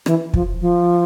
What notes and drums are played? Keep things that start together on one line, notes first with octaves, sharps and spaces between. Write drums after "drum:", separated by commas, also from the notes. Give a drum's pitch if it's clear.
E3, drum: rim click
F3, drum: kick
F3